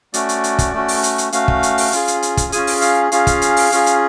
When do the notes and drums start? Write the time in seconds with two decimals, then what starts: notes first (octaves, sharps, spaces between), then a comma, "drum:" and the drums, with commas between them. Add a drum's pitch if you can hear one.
0.14 A3 C#4 F#4 D5, drum: hi-hat
0.29 drum: hi-hat
0.44 drum: hi-hat
0.59 drum: kick, hi-hat
0.74 A3 C#4 F#4
0.88 drum: open hi-hat
1.03 drum: hi-hat
1.18 drum: hi-hat
1.32 A3 C#4 F#4 F5, drum: hi-hat
1.48 drum: kick
1.63 drum: hi-hat
1.78 drum: open hi-hat
1.92 C#4 F4 G#4, drum: hi-hat
2.08 drum: hi-hat
2.22 drum: hi-hat
2.37 drum: kick, hi-hat
2.52 C#4 F4 G#4 G#5, drum: hi-hat
2.67 drum: open hi-hat
2.82 F5, drum: hi-hat
3.12 C#4 F4 G#4 F5, drum: hi-hat
3.27 drum: kick, hi-hat
3.42 drum: hi-hat
3.57 drum: open hi-hat
3.72 C#4 F4 G#4, drum: hi-hat
3.86 drum: hi-hat